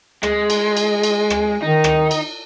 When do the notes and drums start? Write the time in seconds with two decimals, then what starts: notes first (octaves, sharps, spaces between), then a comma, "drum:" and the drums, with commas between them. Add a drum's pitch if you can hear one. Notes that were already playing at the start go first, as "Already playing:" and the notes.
0.23 G#3, drum: rim click
0.50 drum: cymbal
0.77 drum: cymbal
1.03 drum: cymbal
1.30 drum: rim click
1.62 D#3 D#4
1.84 drum: rim click
2.11 drum: cymbal